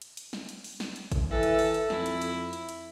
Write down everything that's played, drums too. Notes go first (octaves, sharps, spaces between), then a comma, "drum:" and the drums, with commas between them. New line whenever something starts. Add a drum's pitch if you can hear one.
drum: hi-hat
drum: hi-hat
drum: snare
drum: hi-hat
drum: open hi-hat
drum: snare
drum: hi-hat
drum: kick G#1, hi-hat
E3 A4 E5 E6
drum: hi-hat
drum: open hi-hat
drum: hi-hat
F2 E4, drum: snare
drum: hi-hat
drum: hi-hat
drum: hi-hat
drum: hi-hat